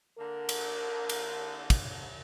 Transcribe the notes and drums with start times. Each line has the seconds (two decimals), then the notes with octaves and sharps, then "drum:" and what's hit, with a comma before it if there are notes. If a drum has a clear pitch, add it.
0.18 D3 A#3 A#4
0.49 drum: cymbal
1.09 drum: cymbal
1.70 drum: kick, cymbal